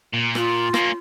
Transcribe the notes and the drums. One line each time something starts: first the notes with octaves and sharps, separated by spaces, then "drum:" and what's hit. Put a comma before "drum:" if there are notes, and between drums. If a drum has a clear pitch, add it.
A#2
F4, drum: rim click
A#3 C#4, drum: rim click